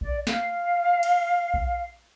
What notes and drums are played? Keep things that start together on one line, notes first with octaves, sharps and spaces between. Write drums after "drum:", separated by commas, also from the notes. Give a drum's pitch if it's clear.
D5, drum: kick A#1
F5, drum: snare
drum: cymbal
drum: kick A#1